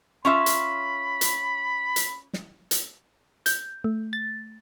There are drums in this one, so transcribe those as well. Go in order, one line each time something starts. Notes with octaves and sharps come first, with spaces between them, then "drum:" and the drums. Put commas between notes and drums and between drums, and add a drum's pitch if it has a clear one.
C#4 F4 E5 B5
drum: hi-hat
drum: hi-hat
drum: hi-hat
drum: snare
drum: hi-hat
G6, drum: hi-hat
A3
A6